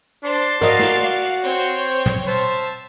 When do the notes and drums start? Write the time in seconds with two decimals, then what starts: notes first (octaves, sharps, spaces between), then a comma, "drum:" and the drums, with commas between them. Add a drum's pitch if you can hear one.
0.24 D4 C5 A5 C6
0.61 F#4 A#4 D5 D#5 F5 C7, drum: tom
0.79 drum: snare
1.44 C4 C5 C#5
2.06 drum: tom
2.27 C5 E5 F5 A5